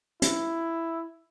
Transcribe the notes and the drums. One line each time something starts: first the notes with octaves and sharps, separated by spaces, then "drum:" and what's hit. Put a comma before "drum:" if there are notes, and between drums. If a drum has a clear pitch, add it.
E4, drum: hi-hat